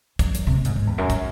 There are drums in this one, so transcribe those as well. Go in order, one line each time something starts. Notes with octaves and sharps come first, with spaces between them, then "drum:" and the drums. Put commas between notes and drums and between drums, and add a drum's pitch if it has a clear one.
F#2, drum: kick, hi-hat
drum: hi-hat
C3
A2
G#2, drum: hi-hat
G#2
E2
F#2
drum: kick, hi-hat